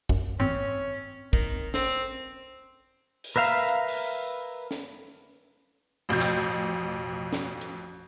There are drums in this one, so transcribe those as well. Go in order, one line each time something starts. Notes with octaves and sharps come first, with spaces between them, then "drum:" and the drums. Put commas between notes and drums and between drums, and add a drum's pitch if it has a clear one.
F#2, drum: kick
C4 C#4, drum: tom G#2
D#3, drum: kick
C4, drum: snare
drum: open hi-hat
A#4 B4 E5 F5 A#5
drum: hi-hat
drum: open hi-hat
drum: snare
A1 F2 B2 G6
drum: clap
drum: snare
drum: hi-hat